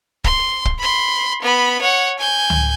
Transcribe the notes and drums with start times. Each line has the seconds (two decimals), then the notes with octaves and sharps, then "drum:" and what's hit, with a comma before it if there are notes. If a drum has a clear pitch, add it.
0.24 C6, drum: kick
0.65 drum: kick
0.79 B5 C6
1.42 B3 B5
1.82 C#5 F#5
2.19 G#5 G6
2.50 drum: tom C#2